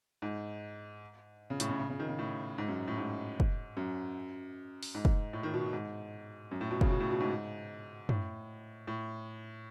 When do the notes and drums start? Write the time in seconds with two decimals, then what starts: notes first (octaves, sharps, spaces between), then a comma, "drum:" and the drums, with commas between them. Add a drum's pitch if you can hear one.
0.22 G#2
1.50 C#3
1.60 A2, drum: hi-hat
1.69 C#3
1.79 C#3
1.90 C#3
2.00 D#3
2.09 C#3
2.19 A2
2.58 G#2
2.68 F#2
2.88 A2
2.98 G#2
3.40 drum: kick
3.77 F#2
4.83 drum: open hi-hat
4.95 G#2
5.05 drum: kick
5.33 A2
5.43 D#3
5.54 B2
5.73 G#2
6.51 F#2
6.61 A2
6.71 B2
6.81 C#3, drum: kick
6.90 B2
7.00 A2
7.10 B2
7.20 G#2
8.09 A2, drum: tom
8.87 A2